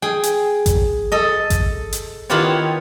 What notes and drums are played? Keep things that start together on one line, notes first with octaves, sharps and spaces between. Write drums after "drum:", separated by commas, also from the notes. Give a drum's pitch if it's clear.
G#4 G5
drum: hi-hat
drum: kick G#1, hi-hat
A4 D#5
drum: kick G#1, hi-hat
drum: hi-hat
D#3 B3 E4 F4 G4 C#5